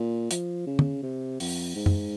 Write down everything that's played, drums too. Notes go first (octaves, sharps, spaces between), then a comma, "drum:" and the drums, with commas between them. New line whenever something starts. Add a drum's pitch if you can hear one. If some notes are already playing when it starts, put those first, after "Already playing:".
Already playing: A#2
F3, drum: hi-hat
C#3
drum: tom
C3
F2, drum: open hi-hat
G#2
drum: tom F#2